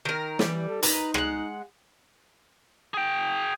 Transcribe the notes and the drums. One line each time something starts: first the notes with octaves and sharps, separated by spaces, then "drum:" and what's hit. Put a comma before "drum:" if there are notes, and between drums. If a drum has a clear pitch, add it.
D#3 A#4
E3 G3, drum: snare
A4
D#4 B4 A#5, drum: hi-hat
G#3 F#5, drum: rim click
G#4 G5